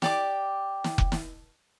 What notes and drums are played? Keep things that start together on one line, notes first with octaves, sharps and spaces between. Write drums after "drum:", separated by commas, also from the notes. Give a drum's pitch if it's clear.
G4 D5 D6, drum: snare
drum: snare
drum: kick F1
drum: snare